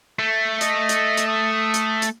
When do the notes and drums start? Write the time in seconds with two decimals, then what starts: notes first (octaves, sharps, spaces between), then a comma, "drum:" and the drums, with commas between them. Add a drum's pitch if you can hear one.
0.19 A3
0.61 D#5, drum: hi-hat
0.89 drum: hi-hat
1.17 drum: hi-hat
1.28 D#6
1.74 drum: hi-hat
2.02 drum: hi-hat